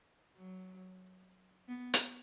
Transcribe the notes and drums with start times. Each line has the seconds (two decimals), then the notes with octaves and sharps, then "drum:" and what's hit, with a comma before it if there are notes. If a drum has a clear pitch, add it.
0.36 F#3
1.68 B3
1.94 drum: hi-hat